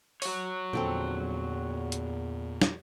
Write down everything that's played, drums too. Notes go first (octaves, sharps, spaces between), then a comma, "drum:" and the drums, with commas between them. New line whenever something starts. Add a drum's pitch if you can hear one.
F#4 C#5, drum: open hi-hat
E2 A#2 D3 F3 C4 A4 G5
drum: hi-hat
drum: snare